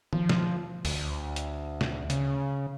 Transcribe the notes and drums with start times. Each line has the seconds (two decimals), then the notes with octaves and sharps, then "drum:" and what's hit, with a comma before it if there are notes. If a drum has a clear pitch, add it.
0.13 F3, drum: tom D#3
0.29 drum: snare
0.85 D2, drum: open hi-hat
1.36 drum: hi-hat
1.81 drum: snare
2.10 C#3, drum: hi-hat